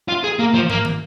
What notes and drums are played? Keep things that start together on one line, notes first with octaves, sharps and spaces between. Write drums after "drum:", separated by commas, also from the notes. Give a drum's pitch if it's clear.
F4
G#4
A#3
F3
A#3, drum: tom
drum: tom